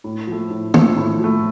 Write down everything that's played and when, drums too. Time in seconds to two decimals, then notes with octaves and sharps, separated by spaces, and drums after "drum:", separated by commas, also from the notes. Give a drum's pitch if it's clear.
0.04 A2
0.27 F3 A3
0.50 A2
0.74 F3 A3, drum: tom
0.97 A2
1.20 F3 A3